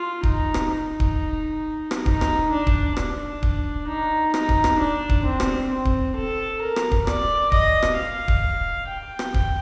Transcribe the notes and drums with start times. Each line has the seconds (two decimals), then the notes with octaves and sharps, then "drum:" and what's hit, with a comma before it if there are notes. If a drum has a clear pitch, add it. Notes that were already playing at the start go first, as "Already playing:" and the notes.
Already playing: F4
0.23 D#4, drum: kick D1
0.54 drum: rim click
0.70 D#4
1.00 drum: kick D1
1.91 drum: rim click
2.06 D#4, drum: kick D1
2.21 drum: rim click
2.51 D4
2.67 drum: kick D1
2.97 D4, drum: rim click
3.43 drum: kick D1
3.88 D#4
4.34 D#4, drum: rim click
4.49 drum: kick D1
4.64 drum: rim click
4.79 D4
5.09 drum: kick D1
5.25 C4
5.40 drum: rim click
5.71 C4
5.85 drum: kick D1
6.16 A4
6.62 A#4
6.76 drum: rim click
6.91 drum: kick D1
7.07 D5, drum: rim click
7.52 D#5, drum: kick D1
7.83 drum: rim click
7.98 F5
8.28 drum: kick D1
8.89 G5
9.19 drum: rim click
9.34 drum: kick D1